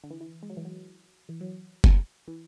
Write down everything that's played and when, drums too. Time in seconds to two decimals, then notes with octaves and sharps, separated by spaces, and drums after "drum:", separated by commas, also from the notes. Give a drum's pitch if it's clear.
0.04 D3
0.11 E3
0.21 E3
0.43 G#3
0.50 F#3
0.57 E3
0.65 F#3
1.29 E3
1.41 F#3
1.84 drum: kick F#1
2.28 E3